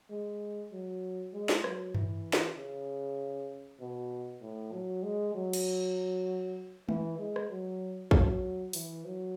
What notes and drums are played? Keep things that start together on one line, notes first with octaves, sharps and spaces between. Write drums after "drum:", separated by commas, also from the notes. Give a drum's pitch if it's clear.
G#3
F#3
G#3
drum: snare
F#3, drum: rim click
E3, drum: tom G2
drum: snare
C#3
B2
A2
F#3
G#3
F#3
drum: cymbal
E3, drum: tom
G#3
drum: rim click
F#3
F#3, drum: kick
E3, drum: open hi-hat
F#3